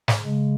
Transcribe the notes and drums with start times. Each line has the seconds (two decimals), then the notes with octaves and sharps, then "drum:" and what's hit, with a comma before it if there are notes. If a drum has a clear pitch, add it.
0.08 drum: snare
0.22 C#3 G#3